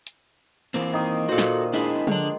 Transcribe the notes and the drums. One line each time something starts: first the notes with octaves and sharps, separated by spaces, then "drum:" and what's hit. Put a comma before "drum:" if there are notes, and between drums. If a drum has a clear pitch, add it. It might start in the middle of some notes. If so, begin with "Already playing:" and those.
drum: hi-hat
E3 A#3 C4
D#3 D#5 A#5
A#2 F#4 A4 C5
drum: snare
G#3 D4 E4 G#4
D3 D4, drum: tom F3